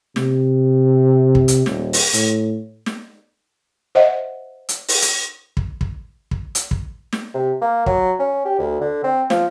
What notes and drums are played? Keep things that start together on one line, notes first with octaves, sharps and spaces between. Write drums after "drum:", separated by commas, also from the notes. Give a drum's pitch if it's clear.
C3, drum: snare
drum: kick
drum: hi-hat
D#1, drum: snare
drum: open hi-hat
A2, drum: hi-hat
drum: snare
C5 D#5 E5 F#5
drum: hi-hat
drum: open hi-hat
drum: hi-hat
drum: kick
drum: kick
drum: kick
drum: hi-hat
drum: kick
drum: snare
C3
A#3
F#3, drum: kick
C#4
G4
D2
D3
C4
F3, drum: snare